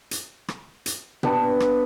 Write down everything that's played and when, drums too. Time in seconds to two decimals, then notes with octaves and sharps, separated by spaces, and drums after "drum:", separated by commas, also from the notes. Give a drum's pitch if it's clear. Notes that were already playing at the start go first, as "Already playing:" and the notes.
0.11 drum: hi-hat
0.48 drum: rim click
0.86 drum: hi-hat
1.23 B3 D4 G4 B4, drum: tom B2
1.60 drum: rim click